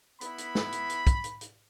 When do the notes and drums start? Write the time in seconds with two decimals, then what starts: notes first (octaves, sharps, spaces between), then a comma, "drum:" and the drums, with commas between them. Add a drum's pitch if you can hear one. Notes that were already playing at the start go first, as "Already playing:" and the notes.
0.21 B3 E4 B5, drum: hi-hat
0.38 drum: hi-hat
0.55 drum: snare
0.72 drum: hi-hat
0.90 drum: hi-hat
1.07 drum: kick, hi-hat
1.24 drum: hi-hat
1.41 drum: hi-hat